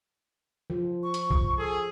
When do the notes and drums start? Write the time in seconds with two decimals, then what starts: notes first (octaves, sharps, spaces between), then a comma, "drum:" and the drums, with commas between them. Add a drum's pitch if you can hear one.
0.70 F3
1.03 C#6
1.14 drum: hi-hat
1.30 drum: kick
1.59 G#4 A4